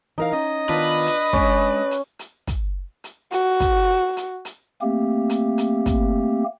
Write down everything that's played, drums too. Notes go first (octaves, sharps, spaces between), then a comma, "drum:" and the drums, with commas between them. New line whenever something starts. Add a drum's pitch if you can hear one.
E3 D#4 A#4 F5
C#4 D#5
D#3 B3 D4 F4 B4
drum: hi-hat
G#3 C#4 D4, drum: kick
drum: hi-hat
drum: hi-hat
drum: kick, hi-hat
drum: hi-hat
F#4, drum: hi-hat
drum: kick, hi-hat
drum: hi-hat
drum: hi-hat
A3 A#3 C4 G4
drum: hi-hat
drum: hi-hat
drum: kick, hi-hat